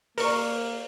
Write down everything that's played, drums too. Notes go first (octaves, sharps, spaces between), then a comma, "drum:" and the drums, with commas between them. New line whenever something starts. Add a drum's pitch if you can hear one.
A#3 A#4 D5 C#6, drum: open hi-hat